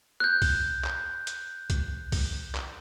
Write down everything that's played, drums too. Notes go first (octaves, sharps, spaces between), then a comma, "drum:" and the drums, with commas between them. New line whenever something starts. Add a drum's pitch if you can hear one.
F#6 G6
drum: kick C2, open hi-hat
drum: clap
drum: hi-hat
drum: kick C2, hi-hat
drum: kick C2, open hi-hat
drum: clap